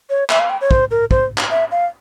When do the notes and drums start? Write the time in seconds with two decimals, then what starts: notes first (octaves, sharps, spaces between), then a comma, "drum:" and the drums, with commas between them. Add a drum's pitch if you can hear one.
0.10 C#5
0.30 E5, drum: clap
0.40 F5
0.50 G5
0.61 C#5
0.71 C5, drum: kick
0.91 A#4
1.11 C5, drum: kick
1.38 drum: clap
1.51 E5
1.71 F5